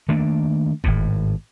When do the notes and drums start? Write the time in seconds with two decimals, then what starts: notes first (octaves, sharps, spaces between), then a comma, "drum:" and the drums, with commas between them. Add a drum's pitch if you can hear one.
0.08 D#3 A3 A#3 D4
0.84 G#1 A2, drum: kick F#1